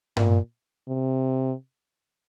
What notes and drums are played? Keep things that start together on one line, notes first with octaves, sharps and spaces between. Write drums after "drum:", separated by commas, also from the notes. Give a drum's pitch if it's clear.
A#2, drum: tom G2
C3